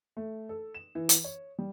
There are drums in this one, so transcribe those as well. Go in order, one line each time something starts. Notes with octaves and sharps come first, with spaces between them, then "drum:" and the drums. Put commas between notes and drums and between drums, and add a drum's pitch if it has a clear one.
A3
A4
E7
E3
drum: hi-hat
C#5
G3